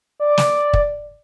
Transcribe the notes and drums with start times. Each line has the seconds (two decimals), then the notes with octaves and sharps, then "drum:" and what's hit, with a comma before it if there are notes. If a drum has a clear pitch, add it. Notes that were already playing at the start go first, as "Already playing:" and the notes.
0.20 D5
0.38 drum: snare
0.73 drum: kick